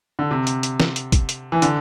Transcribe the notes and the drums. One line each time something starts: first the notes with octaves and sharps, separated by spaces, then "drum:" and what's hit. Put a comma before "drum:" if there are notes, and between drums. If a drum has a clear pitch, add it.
D3
C3
drum: hi-hat
drum: hi-hat
drum: snare
drum: hi-hat
drum: kick, hi-hat
drum: hi-hat
E3
D3, drum: hi-hat